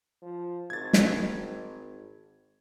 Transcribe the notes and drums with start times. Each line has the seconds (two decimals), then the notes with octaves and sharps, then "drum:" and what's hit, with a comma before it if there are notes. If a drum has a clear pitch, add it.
0.22 F3
0.70 G#1 G#6 A6
0.93 drum: snare